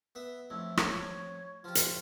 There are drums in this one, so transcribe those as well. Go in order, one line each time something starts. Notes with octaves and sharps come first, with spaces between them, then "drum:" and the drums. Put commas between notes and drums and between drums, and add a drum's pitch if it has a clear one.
B3 E5
F2 A2 E5
C#5, drum: rim click
F3 F4 G4
drum: hi-hat